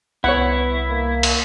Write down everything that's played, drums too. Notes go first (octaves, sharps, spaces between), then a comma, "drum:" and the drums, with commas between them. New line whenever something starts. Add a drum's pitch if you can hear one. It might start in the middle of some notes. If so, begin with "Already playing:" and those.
C2 B3 E4 C#5 F#5
A#3
drum: cymbal